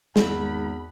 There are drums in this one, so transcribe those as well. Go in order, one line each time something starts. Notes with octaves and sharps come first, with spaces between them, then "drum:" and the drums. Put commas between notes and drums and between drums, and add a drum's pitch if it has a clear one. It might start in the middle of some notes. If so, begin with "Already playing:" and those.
G#1 E2 B5, drum: snare